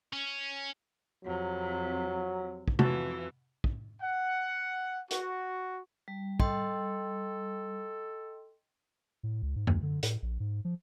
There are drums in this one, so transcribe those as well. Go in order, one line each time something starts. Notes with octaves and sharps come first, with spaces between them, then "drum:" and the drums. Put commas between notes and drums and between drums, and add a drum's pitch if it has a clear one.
C#4
F2 C3 F#3
drum: kick
F2 E3 F#4 A5, drum: tom C3
drum: kick
F#5
F#4, drum: hi-hat
G3
A4 D#5 G5 C6, drum: kick
A2
C#2
G#2
D#2, drum: tom F#2
D3
A2, drum: hi-hat
A#1
G#2
F3